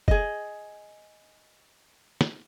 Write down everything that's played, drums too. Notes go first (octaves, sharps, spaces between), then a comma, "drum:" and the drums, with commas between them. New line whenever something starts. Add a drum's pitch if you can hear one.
G#4 D#5, drum: kick F1
drum: snare